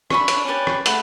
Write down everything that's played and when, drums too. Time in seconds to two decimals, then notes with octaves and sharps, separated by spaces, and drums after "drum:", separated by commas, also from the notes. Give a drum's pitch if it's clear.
0.10 C#4 C#5 E5 B5, drum: rim click
0.19 D4
0.28 C#4, drum: hi-hat
0.36 D4
0.45 C#4 G4 B4 D5
0.67 drum: rim click
0.86 A3 F#5 B5, drum: hi-hat